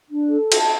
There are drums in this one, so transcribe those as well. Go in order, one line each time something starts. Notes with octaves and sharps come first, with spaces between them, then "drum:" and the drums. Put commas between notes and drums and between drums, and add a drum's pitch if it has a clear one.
D4
A4
A5, drum: cymbal